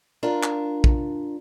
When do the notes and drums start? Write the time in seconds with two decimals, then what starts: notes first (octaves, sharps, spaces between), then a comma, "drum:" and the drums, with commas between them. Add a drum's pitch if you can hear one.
0.23 D4 F4 A#4
0.43 drum: clap
0.84 drum: kick